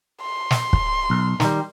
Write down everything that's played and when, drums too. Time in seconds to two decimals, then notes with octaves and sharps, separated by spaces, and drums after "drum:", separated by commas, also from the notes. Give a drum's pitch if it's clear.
0.22 C6
0.51 drum: snare
0.73 drum: kick
1.10 B1
1.40 D#3 G3, drum: snare